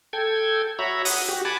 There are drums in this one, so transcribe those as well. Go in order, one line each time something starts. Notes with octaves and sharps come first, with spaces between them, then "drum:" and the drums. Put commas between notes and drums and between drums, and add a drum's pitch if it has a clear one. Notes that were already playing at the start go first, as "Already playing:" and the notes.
A4 G5 G#6
F#4 C#5 E5 A#5 B5
F#5 D#6, drum: open hi-hat
F#4 G4
F#5 G#5 A5 B5 D6